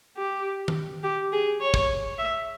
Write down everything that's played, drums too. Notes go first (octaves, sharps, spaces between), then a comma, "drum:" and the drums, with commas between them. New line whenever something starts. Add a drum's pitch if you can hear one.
G4
drum: tom D#3
G4
G#4
C#5
drum: kick
E5